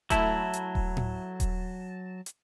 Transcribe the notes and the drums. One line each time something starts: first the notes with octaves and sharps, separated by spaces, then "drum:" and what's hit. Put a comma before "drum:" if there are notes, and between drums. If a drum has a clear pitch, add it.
F#3 A3 E4 A5, drum: kick D#1, hi-hat
drum: hi-hat
drum: kick D#1
drum: tom A2
drum: kick D#1, hi-hat
drum: hi-hat